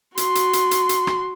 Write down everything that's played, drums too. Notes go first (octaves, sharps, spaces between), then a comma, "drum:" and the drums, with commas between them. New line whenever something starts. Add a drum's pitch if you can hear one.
F#4 C6, drum: hi-hat
drum: hi-hat
drum: hi-hat
drum: hi-hat
drum: hi-hat
drum: rim click